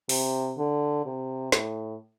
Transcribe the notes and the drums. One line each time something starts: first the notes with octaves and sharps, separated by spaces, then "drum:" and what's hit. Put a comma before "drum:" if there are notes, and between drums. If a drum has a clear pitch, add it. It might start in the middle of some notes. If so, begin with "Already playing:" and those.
C3, drum: open hi-hat
D3
C3
A2, drum: snare